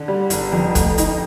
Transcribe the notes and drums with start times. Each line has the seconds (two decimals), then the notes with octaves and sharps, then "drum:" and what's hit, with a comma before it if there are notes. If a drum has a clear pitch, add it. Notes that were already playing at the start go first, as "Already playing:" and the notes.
Already playing: D3
0.08 G3
0.30 G1, drum: hi-hat
0.53 F2
0.75 A3, drum: kick, hi-hat
0.98 D#4, drum: hi-hat